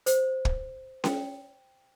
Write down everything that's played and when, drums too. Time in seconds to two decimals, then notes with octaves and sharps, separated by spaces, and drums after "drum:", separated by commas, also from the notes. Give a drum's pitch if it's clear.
0.06 C5, drum: hi-hat
0.45 drum: kick
1.04 G5, drum: snare C#4